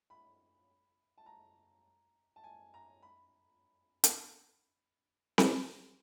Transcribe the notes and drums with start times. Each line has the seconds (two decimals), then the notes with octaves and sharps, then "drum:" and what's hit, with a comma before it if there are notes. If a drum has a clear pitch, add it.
0.10 B5
1.18 A5
1.26 A#5
2.36 A5
2.44 G#5
2.74 A#5
3.02 B5
4.04 drum: hi-hat
5.38 C6, drum: snare C4